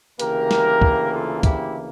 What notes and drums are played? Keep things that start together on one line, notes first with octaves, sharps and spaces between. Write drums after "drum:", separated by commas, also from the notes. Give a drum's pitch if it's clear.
D2 C#3 E3 A#3 G4 A#4, drum: hi-hat
drum: snare
drum: kick
F4 A4
E4 G4, drum: kick, hi-hat